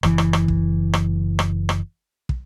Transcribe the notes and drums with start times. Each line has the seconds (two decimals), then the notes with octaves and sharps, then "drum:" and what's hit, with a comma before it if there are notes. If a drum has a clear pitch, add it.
0.03 F#1 E3, drum: rim click
0.18 drum: rim click
0.33 drum: rim click
0.48 drum: kick
0.93 drum: rim click
1.39 drum: rim click
1.69 drum: rim click
2.29 drum: kick